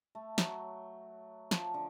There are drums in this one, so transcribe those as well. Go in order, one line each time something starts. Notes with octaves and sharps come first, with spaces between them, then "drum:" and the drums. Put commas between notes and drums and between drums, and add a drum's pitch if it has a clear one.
A3
F#3, drum: snare
F3, drum: snare
D3